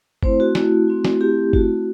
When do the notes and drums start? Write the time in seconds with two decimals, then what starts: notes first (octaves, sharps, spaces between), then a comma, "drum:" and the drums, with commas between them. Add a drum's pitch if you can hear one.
0.23 A3 C4 E4 C5, drum: kick G1
0.40 F#4
0.55 A3 C4 E4, drum: snare
0.88 A3 C4 E4
1.05 drum: snare
1.21 A3 C4 E4 G4
1.53 A3 C4 E4 F#4, drum: kick G1